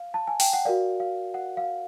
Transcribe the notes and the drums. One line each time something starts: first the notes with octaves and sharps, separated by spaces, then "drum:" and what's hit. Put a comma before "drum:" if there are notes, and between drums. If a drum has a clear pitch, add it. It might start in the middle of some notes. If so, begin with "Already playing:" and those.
Already playing: F5
A5
G#5
G5, drum: open hi-hat
F#5
F#4 A#4 D5 F5
F5
F#5
F5